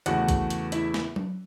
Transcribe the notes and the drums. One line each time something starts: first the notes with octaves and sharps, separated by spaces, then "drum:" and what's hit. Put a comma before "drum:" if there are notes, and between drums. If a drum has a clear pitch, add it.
E2 C#3 A3 F#4 F#5, drum: hi-hat
drum: kick A#1, hi-hat
drum: hi-hat
E4 E5, drum: hi-hat
drum: snare
drum: tom F#3